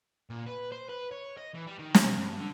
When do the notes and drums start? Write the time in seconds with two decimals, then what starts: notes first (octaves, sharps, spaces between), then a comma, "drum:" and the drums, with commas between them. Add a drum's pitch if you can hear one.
0.30 A#2
0.46 B4
0.72 C5
0.89 B4
1.11 C#5
1.37 D#5
1.54 E3
1.67 G3
1.79 D#3
1.94 drum: snare
2.04 B2
2.17 G2
2.38 D3